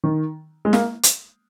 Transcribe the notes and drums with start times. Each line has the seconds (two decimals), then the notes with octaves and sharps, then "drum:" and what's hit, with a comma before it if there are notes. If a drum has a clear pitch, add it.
0.04 D#3
0.65 G#3
0.73 A#3, drum: snare
1.03 drum: hi-hat